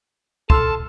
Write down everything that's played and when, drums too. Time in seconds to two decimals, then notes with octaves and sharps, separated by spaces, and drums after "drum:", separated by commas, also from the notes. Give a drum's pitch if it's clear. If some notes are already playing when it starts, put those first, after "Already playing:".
0.50 A4 A5 C6 E6 F6, drum: kick